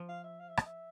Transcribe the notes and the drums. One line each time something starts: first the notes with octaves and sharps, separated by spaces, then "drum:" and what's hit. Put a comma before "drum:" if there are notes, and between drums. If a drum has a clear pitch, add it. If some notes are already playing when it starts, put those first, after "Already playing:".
Already playing: F3
F5
E5
F5
E5
D#5, drum: rim click
E5